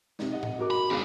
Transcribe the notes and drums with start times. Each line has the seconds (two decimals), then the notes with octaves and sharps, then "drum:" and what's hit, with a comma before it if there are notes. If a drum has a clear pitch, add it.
0.19 C3 D#4, drum: snare
0.32 D#5 F#5
0.43 drum: tom G#2
0.59 F#4 A#4 D6
0.70 B5
0.91 C#3 B3 D4 F5